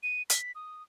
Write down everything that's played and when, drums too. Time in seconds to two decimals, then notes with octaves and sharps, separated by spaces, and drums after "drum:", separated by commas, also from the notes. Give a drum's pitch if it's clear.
0.03 D#7
0.30 B6, drum: hi-hat
0.55 D#6